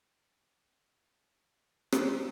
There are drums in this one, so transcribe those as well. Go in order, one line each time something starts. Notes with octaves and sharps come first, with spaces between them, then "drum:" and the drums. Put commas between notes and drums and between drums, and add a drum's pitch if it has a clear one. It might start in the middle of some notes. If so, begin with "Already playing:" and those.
Already playing: F#4
A4
G#4
G4
G4
F#4 G#4
G#4 A#4
G4
G#4
G4
F#4 G#4
drum: rim click